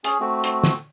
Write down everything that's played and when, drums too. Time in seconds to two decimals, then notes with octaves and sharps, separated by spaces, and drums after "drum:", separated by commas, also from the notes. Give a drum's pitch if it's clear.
0.04 C#4 G#4, drum: hi-hat
0.20 A3 C4 F#4
0.44 drum: hi-hat
0.64 drum: snare